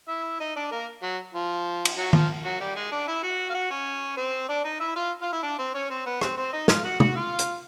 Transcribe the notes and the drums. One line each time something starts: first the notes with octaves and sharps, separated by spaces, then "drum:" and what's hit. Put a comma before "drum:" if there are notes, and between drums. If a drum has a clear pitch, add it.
E4 E5
D#4 D#5
D4 D5
A#3 A#4
F#3 F#4
F3 F4
drum: cymbal
F#3 F#4
F3 F4, drum: tom D#3
F#3 F#4
G3 G4
G#3 G#4
D4 D5
E4 E5
F#4 F#5
F5
F#4 F#5
C#4 C#5
C4 C5
D4 D5
D#4 D#5
E4 E5
F4 F5
F4 F5
E4 E5
D4 D5
C4 C5
C#4 C#5
C4 C5
B3 B4
C4 C5, drum: rim click
C4 C5
D#4 D#5
F4 F5, drum: snare
F#4 F#5
F#4 F#5, drum: tom
F4 F5
drum: hi-hat